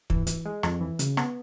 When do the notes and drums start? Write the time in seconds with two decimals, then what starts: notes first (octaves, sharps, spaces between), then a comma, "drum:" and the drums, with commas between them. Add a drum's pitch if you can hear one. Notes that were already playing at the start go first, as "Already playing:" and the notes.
0.10 E3, drum: kick
0.27 E3, drum: hi-hat
0.45 G#3
0.63 F2, drum: rim click
0.81 E3
0.99 C#3, drum: hi-hat
1.17 B3, drum: rim click